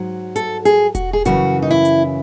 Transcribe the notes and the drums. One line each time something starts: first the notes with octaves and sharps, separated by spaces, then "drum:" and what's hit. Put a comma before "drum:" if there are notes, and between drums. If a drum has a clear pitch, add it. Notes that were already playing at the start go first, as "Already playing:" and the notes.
Already playing: G#2 F#3
A4, drum: hi-hat
G#4, drum: hi-hat
F#4, drum: kick E1, hi-hat
G#4
F#2 C#3 E3 F#4, drum: hi-hat
D#4
E4
drum: hi-hat